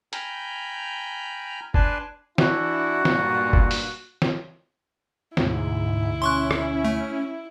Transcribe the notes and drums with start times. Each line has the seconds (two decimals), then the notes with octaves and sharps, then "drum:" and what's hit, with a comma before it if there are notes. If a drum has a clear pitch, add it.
0.13 G5 G#5 A#5 B5 F6 G6, drum: hi-hat
1.74 D4 B4 D5 G#5 A5 C6, drum: kick F#1
2.38 E3 D4 E4 F#4, drum: snare
3.05 B1 G2 A#2, drum: snare
3.53 drum: kick F#1
3.71 drum: open hi-hat
4.22 drum: snare
5.37 D2 G#2 B2 E4, drum: snare
6.22 C#4 C6 C#6 F#6
6.51 drum: rim click
6.85 A3